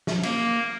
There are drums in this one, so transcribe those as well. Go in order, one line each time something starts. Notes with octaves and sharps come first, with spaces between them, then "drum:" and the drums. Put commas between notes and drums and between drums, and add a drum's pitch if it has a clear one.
drum: snare
A#3, drum: cymbal